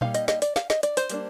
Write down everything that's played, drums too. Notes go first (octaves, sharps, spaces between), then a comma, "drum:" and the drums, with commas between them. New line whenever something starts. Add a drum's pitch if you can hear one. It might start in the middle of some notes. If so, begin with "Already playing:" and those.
G3 A#3 D#4 F5, drum: tom A#2
D#5, drum: hi-hat
D#5, drum: snare
D5, drum: hi-hat
F5, drum: snare
D#5, drum: snare
D5, drum: hi-hat
C5, drum: hi-hat
G3 A#3 D4, drum: hi-hat